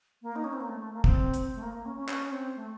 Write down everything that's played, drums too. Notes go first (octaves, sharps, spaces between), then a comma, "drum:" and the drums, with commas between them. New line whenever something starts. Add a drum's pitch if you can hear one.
A#3
D#4
C#4
C4
A#3
A3
A3
A#3
C4, drum: kick
drum: hi-hat
A3
A#3
A#3
C#4
C#4
C#4, drum: clap
C#4
C4
A3